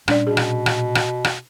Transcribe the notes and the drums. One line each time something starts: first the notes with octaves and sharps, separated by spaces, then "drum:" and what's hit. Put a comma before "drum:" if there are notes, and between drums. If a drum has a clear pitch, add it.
A#2 G3 C#4 D4 D5, drum: rim click
B2 G#4
drum: rim click
drum: rim click
drum: rim click
drum: rim click